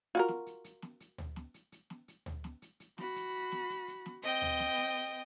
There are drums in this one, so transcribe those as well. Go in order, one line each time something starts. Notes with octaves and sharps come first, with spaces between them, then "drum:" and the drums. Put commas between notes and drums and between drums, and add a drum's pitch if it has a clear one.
F4 F#4 A#4
drum: snare
drum: hi-hat
drum: hi-hat
drum: snare
drum: hi-hat
drum: tom D2
drum: snare
drum: hi-hat
drum: hi-hat
drum: snare
drum: hi-hat
drum: tom D2
drum: snare
drum: hi-hat
drum: hi-hat
F#4 B5, drum: snare
drum: hi-hat
drum: snare
drum: hi-hat
drum: hi-hat
drum: snare
C4 D#5 G5, drum: hi-hat
drum: tom D2
drum: snare
drum: hi-hat